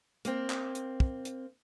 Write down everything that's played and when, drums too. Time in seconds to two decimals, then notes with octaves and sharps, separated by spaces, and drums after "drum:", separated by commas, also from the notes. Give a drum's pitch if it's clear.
0.25 A#3 C4, drum: hi-hat
0.50 drum: clap
0.75 drum: hi-hat
1.00 drum: kick
1.25 drum: hi-hat